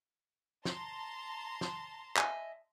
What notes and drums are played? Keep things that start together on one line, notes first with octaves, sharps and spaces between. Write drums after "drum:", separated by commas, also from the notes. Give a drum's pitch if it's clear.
A5 A#5 C6, drum: snare
drum: snare
D#5 E5 G#5, drum: clap